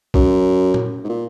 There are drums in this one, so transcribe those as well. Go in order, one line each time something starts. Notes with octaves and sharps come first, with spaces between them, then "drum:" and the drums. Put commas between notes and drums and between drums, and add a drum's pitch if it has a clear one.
F#2, drum: kick
drum: tom A#2
G#2
A#2